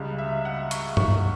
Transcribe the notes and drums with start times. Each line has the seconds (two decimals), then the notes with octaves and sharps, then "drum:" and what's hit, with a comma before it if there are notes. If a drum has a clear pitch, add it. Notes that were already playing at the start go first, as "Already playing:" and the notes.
Already playing: C#2 C#3 G3
0.18 E5
0.45 F#5
0.71 C#6, drum: hi-hat
0.97 C#6, drum: tom G2